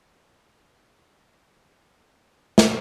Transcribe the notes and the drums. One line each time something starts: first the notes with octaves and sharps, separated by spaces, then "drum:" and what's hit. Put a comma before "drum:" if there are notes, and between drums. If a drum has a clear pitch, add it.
A3
A#3
G#3
A3
A#3
B3
C#4
drum: snare